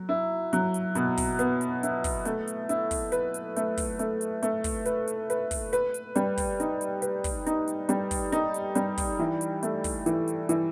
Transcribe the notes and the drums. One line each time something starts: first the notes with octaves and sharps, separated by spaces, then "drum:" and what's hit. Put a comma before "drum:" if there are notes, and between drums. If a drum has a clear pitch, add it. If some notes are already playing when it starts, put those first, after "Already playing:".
Already playing: F#3
E4
F#3, drum: hi-hat
drum: hi-hat
B2, drum: hi-hat
drum: kick, open hi-hat
B3, drum: hi-hat
drum: hi-hat
E4, drum: hi-hat
drum: kick, open hi-hat
A3, drum: hi-hat
drum: hi-hat
E4, drum: hi-hat
drum: kick, open hi-hat
B4, drum: hi-hat
drum: hi-hat
A3, drum: hi-hat
drum: kick, open hi-hat
A3, drum: hi-hat
drum: hi-hat
A3, drum: hi-hat
drum: kick, open hi-hat
B4, drum: hi-hat
drum: hi-hat
B4, drum: hi-hat
drum: kick, open hi-hat
B4, drum: hi-hat
drum: hi-hat
G3, drum: hi-hat
drum: kick, open hi-hat
D#4, drum: hi-hat
drum: hi-hat
B4, drum: hi-hat
drum: kick, open hi-hat
D#4, drum: hi-hat
drum: hi-hat
G3, drum: hi-hat
drum: kick, open hi-hat
D#4, drum: hi-hat
drum: hi-hat
G3, drum: hi-hat
drum: kick, open hi-hat
E3
drum: hi-hat
A3, drum: hi-hat
drum: kick, open hi-hat
E3, drum: hi-hat
drum: hi-hat
E3, drum: hi-hat